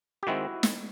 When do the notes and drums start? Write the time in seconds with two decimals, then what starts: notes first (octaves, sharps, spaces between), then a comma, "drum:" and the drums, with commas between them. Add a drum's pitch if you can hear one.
0.23 G4
0.27 D#3 G#3 C4 E4 F#4
0.63 drum: snare